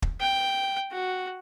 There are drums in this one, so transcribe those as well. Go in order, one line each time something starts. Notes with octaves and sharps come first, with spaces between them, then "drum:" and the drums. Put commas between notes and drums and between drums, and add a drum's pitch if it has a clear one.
drum: kick
G5
F#4